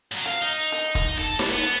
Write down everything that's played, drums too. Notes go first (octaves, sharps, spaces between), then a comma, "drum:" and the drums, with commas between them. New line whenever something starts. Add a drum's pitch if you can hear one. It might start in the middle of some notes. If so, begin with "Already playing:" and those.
A2 F#3
F5, drum: hi-hat
D#4
drum: hi-hat
drum: kick, hi-hat
A4, drum: hi-hat
C2 A2, drum: snare
B3
drum: hi-hat